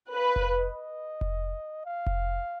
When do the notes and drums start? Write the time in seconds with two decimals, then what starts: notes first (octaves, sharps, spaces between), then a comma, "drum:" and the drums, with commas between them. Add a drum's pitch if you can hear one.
0.14 B4 F5
0.36 drum: kick F1
0.57 D#5
1.21 drum: kick F1
1.86 F5
2.07 drum: kick F1